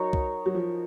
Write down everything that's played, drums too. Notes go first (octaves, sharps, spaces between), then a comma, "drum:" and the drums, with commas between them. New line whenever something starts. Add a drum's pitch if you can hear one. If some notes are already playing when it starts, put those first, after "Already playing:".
Already playing: F#3 D#4 F#4 A#4 C#5
drum: kick
F#3
F3